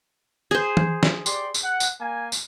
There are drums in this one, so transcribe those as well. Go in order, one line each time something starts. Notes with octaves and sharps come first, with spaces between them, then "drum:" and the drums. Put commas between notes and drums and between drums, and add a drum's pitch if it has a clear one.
G#4 C5
drum: tom E3
drum: snare
G4 D5 C6, drum: tambourine
drum: tambourine
F#5
drum: tambourine
A#3 G#5
drum: tambourine